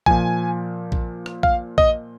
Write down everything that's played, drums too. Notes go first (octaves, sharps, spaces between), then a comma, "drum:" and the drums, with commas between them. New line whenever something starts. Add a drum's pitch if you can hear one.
A#2 F3 G#5, drum: kick A#1
drum: kick A#1
drum: rim click
F5, drum: kick A#1
D#5, drum: kick A#1